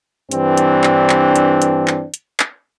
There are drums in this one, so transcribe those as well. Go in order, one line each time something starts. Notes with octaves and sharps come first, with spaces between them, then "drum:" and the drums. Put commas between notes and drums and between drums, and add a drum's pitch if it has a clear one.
G2 E3 C4 D4, drum: hi-hat
drum: hi-hat
drum: clap
drum: clap
drum: hi-hat
drum: hi-hat
drum: clap
drum: hi-hat
drum: clap